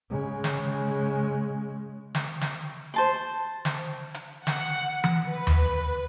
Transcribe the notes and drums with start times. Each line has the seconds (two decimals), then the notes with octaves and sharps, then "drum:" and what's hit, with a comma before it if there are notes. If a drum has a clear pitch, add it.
0.10 C#3 G#3
0.44 drum: snare
2.15 drum: snare
2.41 drum: snare
2.94 C5 A5 C6
3.65 drum: snare
4.14 drum: hi-hat
4.47 F#5, drum: snare
5.04 drum: tom E3
5.29 B4
5.47 drum: tom D#2